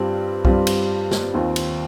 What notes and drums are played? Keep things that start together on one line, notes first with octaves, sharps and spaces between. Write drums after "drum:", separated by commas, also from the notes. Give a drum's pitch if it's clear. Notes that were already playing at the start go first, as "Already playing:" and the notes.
Already playing: G2 G3 C4 F4
G2 G3 C4 F4, drum: kick B1
drum: cymbal
drum: snare
D#2 D#3 C4 F4
drum: cymbal